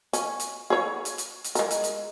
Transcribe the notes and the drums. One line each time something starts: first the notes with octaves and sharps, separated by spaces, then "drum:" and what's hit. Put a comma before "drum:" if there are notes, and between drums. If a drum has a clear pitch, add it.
C#4, drum: hi-hat
drum: hi-hat
G#4 C#5
drum: hi-hat
drum: hi-hat
drum: hi-hat
G#3 A#4, drum: hi-hat
drum: hi-hat
drum: hi-hat